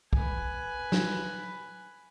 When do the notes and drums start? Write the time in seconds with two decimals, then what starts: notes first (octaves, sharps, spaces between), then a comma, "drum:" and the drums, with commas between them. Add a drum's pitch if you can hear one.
0.13 B4 G#5, drum: kick
0.92 drum: snare